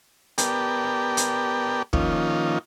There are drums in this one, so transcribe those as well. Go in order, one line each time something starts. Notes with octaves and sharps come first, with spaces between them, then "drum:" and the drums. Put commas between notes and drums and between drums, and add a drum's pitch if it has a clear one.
B3 G4 A#4 D5 G5 A5, drum: hi-hat
drum: hi-hat
D#3 F3 A#3 C#4 D#4 F4, drum: kick